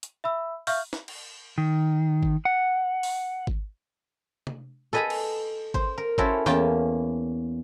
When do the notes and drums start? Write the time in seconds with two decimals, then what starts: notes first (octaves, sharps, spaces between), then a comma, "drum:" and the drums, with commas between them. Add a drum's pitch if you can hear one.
0.03 drum: hi-hat
0.24 E5 B5 E6
0.67 E5 F5 C#6 F6 G6, drum: open hi-hat
0.93 drum: snare
1.08 drum: cymbal
1.58 D#3
2.23 drum: kick G#1
2.45 F#5
3.03 drum: open hi-hat
3.47 drum: kick G#1
4.47 drum: tom C3
4.93 A4 B4 D#5 G#5 A#5 B5
5.10 drum: cymbal
5.74 C5, drum: kick G#1
5.98 A#4
6.18 C#4 E4 F#4 A4 A#4 C5, drum: kick G#1
6.46 E2 A#3 C#4 G5 A5, drum: snare